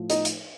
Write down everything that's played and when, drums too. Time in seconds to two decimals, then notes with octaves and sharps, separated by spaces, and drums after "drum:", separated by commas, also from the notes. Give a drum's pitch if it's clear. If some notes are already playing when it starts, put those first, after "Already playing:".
Already playing: A2 F3
0.10 D#4 D#5, drum: hi-hat
0.25 drum: hi-hat